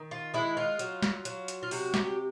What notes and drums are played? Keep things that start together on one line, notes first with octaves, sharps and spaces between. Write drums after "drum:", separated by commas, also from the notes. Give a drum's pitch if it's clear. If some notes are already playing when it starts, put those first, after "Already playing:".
Already playing: D#3
F4
G#3 E4
F4
F#3, drum: hi-hat
drum: snare
F#3, drum: hi-hat
drum: hi-hat
F4
C3 F#4, drum: open hi-hat
G4, drum: snare